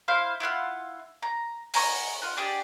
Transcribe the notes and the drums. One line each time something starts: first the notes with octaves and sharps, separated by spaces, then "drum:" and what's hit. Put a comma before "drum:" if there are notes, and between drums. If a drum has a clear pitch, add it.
E4 C5 F5
E4 F4 F#5 F6
A#5
G#5 A#5 C#6, drum: open hi-hat
F4 F#5
D4 G4 G#4 D5